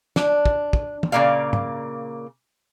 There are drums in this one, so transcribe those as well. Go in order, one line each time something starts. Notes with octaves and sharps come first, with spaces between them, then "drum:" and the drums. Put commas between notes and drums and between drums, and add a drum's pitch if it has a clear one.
D4, drum: snare
drum: kick
drum: kick
drum: tom
A#2 C#3 G#3 A#3 D5 F5
drum: tom